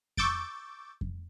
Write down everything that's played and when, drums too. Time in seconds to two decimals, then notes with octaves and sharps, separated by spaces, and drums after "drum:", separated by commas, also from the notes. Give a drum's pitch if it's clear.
0.17 C#6 D6 E6 G6 A6 D7, drum: kick F2
1.01 drum: kick F2